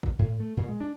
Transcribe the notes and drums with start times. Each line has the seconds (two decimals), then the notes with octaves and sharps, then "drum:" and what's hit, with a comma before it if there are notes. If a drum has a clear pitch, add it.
0.03 drum: kick
0.19 A2
0.40 A3
0.57 A#2
0.69 G#3
0.81 D4